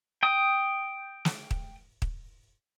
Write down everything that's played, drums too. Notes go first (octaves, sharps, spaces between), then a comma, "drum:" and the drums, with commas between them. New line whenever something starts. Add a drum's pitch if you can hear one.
G5 D#6
drum: snare
drum: kick
drum: kick